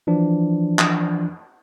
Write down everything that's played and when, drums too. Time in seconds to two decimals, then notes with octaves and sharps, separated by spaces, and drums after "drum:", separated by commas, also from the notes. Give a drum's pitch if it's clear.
0.07 E3 F3 D4
0.79 drum: clap